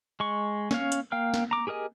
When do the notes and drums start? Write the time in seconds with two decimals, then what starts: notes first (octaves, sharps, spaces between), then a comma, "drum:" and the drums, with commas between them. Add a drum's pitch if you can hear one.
0.20 G#3 C#6
0.71 C#4 C#5 F5, drum: snare
0.92 drum: hi-hat
1.12 A#3 F5 G5 F6
1.34 drum: snare
1.51 A#5 D6
1.67 G4 G#4 A#4 D#5 G#5